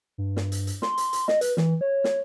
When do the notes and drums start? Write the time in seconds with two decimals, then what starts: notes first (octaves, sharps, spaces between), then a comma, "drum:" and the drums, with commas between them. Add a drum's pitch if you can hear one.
0.18 G2
0.37 drum: snare
0.52 drum: hi-hat
0.67 drum: hi-hat
0.82 C6, drum: snare
0.97 drum: hi-hat
1.13 drum: hi-hat
1.28 D#5, drum: snare
1.41 B4, drum: hi-hat
1.57 E3, drum: snare
1.81 C#5
2.04 drum: snare